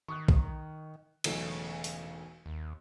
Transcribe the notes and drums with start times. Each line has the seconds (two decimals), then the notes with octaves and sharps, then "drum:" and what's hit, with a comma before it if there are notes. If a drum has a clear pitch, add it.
0.08 D#3 C#6 D#6 F#6
0.28 drum: kick A#1
1.24 E1 B1 C#3 A3, drum: cymbal
1.84 drum: open hi-hat
2.46 D#2